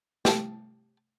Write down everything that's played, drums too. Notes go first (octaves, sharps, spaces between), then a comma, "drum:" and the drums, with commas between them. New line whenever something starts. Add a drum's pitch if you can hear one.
G4 A5, drum: snare